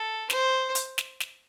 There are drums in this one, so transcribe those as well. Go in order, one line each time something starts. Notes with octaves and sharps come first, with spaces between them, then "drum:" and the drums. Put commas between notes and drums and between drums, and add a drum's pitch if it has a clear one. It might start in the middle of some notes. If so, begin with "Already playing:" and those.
Already playing: A4
C5, drum: snare
drum: hi-hat
drum: snare
drum: snare